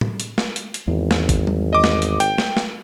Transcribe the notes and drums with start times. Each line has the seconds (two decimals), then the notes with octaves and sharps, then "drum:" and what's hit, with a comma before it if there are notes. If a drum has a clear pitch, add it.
0.01 drum: tom
0.20 drum: hi-hat
0.38 drum: snare
0.56 drum: hi-hat
0.74 drum: hi-hat
0.88 G#1 E2
1.11 drum: snare
1.29 drum: kick, hi-hat
1.47 drum: tom G3
1.73 D#5 D6
1.84 drum: snare
2.02 drum: hi-hat
2.20 G5, drum: hi-hat
2.38 drum: snare
2.57 drum: snare